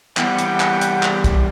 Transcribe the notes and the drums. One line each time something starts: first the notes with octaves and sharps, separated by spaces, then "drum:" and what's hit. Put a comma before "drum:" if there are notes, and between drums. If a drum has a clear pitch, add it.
E3 G3 B3 F#5 G5, drum: clap
drum: hi-hat
drum: clap
drum: hi-hat
drum: clap
drum: kick, hi-hat